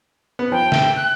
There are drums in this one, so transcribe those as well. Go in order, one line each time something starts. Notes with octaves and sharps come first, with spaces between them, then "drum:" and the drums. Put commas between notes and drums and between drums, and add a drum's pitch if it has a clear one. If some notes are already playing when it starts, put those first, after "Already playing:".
B3
F3 G5
E5, drum: snare
F#6